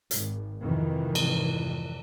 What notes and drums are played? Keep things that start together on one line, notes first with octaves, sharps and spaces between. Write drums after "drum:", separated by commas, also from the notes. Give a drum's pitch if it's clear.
G#1, drum: hi-hat
F2 G#2 C3 D#3 E3
drum: cymbal